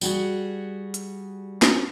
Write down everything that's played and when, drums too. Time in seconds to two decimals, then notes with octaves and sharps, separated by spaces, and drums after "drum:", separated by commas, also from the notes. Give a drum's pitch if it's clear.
0.01 G3 F#4 G#4, drum: tambourine
0.94 drum: hi-hat
1.62 drum: snare